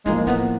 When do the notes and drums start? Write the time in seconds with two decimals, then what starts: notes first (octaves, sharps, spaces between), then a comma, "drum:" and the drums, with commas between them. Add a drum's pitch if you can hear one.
0.06 A2 F3 G#3 A#3, drum: snare
0.27 B3, drum: snare